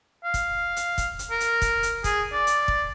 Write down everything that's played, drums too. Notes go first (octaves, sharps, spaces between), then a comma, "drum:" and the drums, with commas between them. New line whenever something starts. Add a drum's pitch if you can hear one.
F5
drum: kick, hi-hat
drum: hi-hat
drum: kick, hi-hat
drum: hi-hat
A#4
drum: hi-hat
drum: kick, hi-hat
drum: hi-hat
G#4, drum: kick, hi-hat
D5
drum: hi-hat
drum: kick